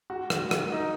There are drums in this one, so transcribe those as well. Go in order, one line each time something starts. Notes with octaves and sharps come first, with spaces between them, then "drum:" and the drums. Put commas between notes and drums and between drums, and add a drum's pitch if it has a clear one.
F#4
drum: rim click
drum: rim click
D#4